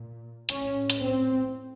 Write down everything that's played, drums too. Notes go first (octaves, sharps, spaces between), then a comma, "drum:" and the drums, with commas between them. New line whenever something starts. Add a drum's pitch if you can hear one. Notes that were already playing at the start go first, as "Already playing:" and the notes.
Already playing: A#2
A2 C#4, drum: hi-hat
drum: hi-hat
C4